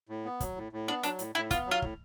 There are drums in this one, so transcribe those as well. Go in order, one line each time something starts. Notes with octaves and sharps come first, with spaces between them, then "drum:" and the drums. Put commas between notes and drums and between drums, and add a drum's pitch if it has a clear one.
A2
B3
F#3, drum: kick, hi-hat
A2
A2
B3 D4
F#3 D4, drum: hi-hat
A2, drum: hi-hat
A2 E4
B3 F4, drum: kick, hi-hat
F#3
F4
A2, drum: kick